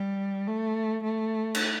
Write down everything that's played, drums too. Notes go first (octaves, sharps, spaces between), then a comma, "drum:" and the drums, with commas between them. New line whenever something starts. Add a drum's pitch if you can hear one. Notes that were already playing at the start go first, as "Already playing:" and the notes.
Already playing: G3
A3
A3
drum: cymbal